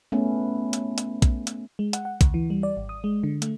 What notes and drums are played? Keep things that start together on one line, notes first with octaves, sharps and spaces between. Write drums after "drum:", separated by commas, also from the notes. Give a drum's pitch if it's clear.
A3 B3 C#4
drum: hi-hat
drum: hi-hat
drum: kick, hi-hat
drum: hi-hat
G#3
F#5, drum: hi-hat
F#5
D2, drum: kick, hi-hat
E3
G3
D5
G#1
D#6
G#3
D3
A3, drum: hi-hat